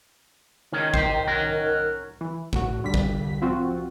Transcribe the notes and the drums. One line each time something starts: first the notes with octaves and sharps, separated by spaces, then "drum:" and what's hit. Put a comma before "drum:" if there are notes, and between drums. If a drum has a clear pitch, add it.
C#2 D#3 C#4
G4 C5, drum: kick G1
C#4 F#4 A#4
E3
A2 F#4, drum: kick G1
D3 G3 B6
drum: kick G1
F3 C4 F4 F#4